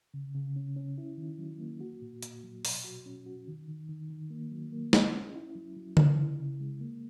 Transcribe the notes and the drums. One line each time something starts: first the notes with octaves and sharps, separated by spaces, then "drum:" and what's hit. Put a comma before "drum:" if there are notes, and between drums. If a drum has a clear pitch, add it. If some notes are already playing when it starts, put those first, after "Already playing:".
C#3
C#3
C#4
C#4
E4
D#3
F#3
A#3
F#4
A#2
A#2, drum: hi-hat
F#3
B2, drum: open hi-hat
F#4
C#4
F#4
D#3
D#3
D#3
D#3
A#3
F#3
A#3
A#3, drum: snare
C#4
E4
F#3
F#3
C#3, drum: tom D3
E4
C#3
G#3
A#3